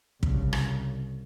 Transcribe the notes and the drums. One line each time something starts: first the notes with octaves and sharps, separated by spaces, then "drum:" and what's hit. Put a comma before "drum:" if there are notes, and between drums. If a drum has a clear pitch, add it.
C2 C#3, drum: kick
drum: rim click